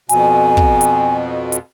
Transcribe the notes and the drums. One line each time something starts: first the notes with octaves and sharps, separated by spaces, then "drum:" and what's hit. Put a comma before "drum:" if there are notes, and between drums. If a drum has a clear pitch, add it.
F2 B2 G#5, drum: hi-hat
drum: kick
drum: hi-hat
drum: hi-hat